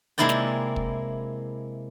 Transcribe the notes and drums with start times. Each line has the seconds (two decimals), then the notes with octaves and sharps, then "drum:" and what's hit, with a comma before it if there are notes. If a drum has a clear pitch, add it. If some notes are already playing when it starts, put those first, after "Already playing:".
0.18 C3 G#3 A#3 E4 D5 G5
0.29 drum: snare
0.76 drum: kick